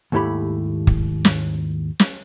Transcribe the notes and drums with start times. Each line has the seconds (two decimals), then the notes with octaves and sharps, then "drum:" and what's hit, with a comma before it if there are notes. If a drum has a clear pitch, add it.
0.12 D#2 G#2 A3 E4 G4 B5
0.87 drum: kick
1.25 drum: snare
2.00 drum: snare